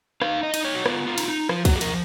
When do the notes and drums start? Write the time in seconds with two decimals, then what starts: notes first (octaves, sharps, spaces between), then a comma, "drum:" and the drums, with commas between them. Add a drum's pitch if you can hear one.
0.22 D#4 F5, drum: rim click
0.43 D#5
0.54 D#4, drum: cymbal
0.65 C#5
0.75 F#4
0.86 B3 F4, drum: rim click
1.07 F4
1.18 D#4, drum: cymbal
1.28 D#4
1.49 F3 F4, drum: rim click
1.65 F#4, drum: kick C2, cymbal
1.76 G#4
1.81 F3 A#4, drum: cymbal